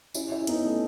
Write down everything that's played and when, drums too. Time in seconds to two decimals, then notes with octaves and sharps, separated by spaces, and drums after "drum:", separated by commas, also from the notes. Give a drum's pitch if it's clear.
0.14 C#4 E4, drum: tambourine
0.31 C#4 E4
0.47 B3 D#4, drum: hi-hat
0.64 A3 C#4